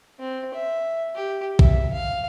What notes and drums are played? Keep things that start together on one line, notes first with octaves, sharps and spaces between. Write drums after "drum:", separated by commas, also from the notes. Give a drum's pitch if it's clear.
C4
E5
G4
E5, drum: kick A#1
F5